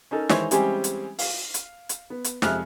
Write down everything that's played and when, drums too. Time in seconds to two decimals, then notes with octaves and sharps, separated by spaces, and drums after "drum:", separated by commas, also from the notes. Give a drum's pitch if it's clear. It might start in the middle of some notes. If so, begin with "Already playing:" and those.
0.11 C#4 D#4 A4 A#4
0.29 D#3 E3 G#3 C5 C#5, drum: snare
0.51 E3 G3 G#3 C4 C#4 G4, drum: hi-hat
0.84 drum: hi-hat
1.19 F5, drum: open hi-hat
1.54 drum: hi-hat
1.89 drum: hi-hat
2.10 B3
2.24 drum: hi-hat
2.42 F2 C3 G#3 E5 F6 F#6, drum: snare